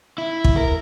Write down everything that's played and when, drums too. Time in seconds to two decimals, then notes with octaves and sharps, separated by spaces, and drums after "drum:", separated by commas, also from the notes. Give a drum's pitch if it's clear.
0.18 E4
0.44 drum: kick
0.57 A#4